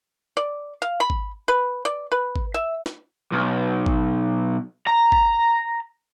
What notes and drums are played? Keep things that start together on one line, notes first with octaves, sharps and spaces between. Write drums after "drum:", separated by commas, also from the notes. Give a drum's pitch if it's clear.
D5
F5
B5
drum: kick G#1
B4
D5
B4
drum: kick G#1
E5
drum: snare
B1
drum: kick G#1
A#5
drum: kick G#1